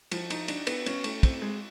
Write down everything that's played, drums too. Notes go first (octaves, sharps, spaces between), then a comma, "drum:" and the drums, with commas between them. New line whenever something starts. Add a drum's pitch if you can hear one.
F3, drum: cymbal
D#4, drum: cymbal
D4, drum: cymbal
B3, drum: cymbal
C#4, drum: cymbal
A3, drum: cymbal
C4, drum: kick, cymbal
G#3